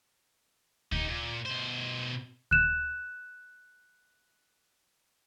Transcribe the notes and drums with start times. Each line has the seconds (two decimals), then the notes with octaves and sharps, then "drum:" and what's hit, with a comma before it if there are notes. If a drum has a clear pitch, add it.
0.92 D#4 G4, drum: kick D2
1.08 A#2
1.45 B2 C5
2.51 F#6 E7, drum: kick D2